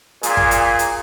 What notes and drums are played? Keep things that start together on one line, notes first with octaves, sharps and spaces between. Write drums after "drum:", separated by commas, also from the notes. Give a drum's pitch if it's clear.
A#2 G#4, drum: hi-hat
drum: kick
drum: hi-hat
drum: hi-hat